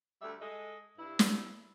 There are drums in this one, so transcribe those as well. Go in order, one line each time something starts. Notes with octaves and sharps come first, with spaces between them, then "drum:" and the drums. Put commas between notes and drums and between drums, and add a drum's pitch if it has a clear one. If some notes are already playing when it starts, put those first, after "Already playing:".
D2 G3 A3 E5
G#3 A4 D#5
G2 E4
drum: snare